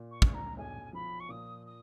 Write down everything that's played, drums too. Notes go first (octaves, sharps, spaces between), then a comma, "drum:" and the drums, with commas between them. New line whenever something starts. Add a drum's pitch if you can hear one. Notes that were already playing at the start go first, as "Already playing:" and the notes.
Already playing: A#2
C#6
A#1, drum: kick
A#5
B1 G#5
F3 B5
C#6
A#2 D#6
D#6